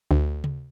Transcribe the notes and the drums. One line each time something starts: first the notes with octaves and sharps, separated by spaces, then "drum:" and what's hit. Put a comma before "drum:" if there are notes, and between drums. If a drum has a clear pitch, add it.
D2
drum: tom C3